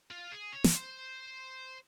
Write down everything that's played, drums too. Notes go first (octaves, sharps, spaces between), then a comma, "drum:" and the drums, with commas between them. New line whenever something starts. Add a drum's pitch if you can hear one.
F4
G#4
C#5
A#4, drum: snare
C5